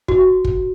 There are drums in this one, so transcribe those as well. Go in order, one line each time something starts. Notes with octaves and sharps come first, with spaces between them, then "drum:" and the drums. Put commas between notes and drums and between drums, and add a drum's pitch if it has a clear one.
F#4, drum: kick
drum: kick